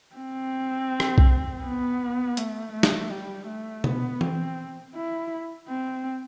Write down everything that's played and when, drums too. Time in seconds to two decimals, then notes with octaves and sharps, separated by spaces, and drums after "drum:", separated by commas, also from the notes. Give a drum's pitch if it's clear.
0.16 C4
1.00 drum: rim click
1.18 drum: kick B1
1.63 B3
2.37 A3, drum: hi-hat
2.73 A3
2.83 drum: snare
3.11 G3
3.47 A3
3.84 B3, drum: tom B2
4.21 C4, drum: tom E3
4.94 E4
5.69 C4